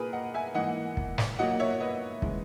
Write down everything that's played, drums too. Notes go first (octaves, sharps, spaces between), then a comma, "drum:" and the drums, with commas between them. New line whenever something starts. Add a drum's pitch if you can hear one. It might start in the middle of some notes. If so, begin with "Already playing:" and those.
Already playing: A#2 A#3 G#4 A#4 B4
D#5 F#5
E5 G#5
G#2 E3 A#3 D#5 F#5
drum: kick
drum: snare
A#2 F#3 A#3 D#5 F#5
C#5 E5
B4 D#5
C#3 E3 G#3, drum: kick